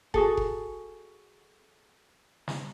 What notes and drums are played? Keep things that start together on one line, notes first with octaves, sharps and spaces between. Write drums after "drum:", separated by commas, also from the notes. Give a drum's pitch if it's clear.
F#4 G#4 A4, drum: kick F1
drum: kick F1
drum: snare